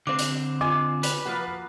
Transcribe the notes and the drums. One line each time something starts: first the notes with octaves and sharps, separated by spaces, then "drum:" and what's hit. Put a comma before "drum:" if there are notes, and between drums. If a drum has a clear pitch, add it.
D3 C4 C5 D6
drum: hi-hat
F4 D#5 G#5 D6
B4, drum: hi-hat
F3 A#3 F#4